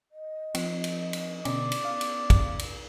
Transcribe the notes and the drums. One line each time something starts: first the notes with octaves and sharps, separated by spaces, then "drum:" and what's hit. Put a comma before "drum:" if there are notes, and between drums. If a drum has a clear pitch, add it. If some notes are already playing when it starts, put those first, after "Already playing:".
D#5
F3 C4, drum: cymbal
drum: cymbal
drum: cymbal
B2 D3 C#4 D5, drum: cymbal
drum: cymbal
B3 F5
drum: cymbal
drum: kick, cymbal
drum: cymbal